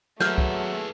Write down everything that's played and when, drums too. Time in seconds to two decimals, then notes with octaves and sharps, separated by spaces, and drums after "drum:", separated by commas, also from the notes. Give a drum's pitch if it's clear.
0.21 F#3 A3 G#4 B4 F6 G6, drum: snare
0.38 drum: kick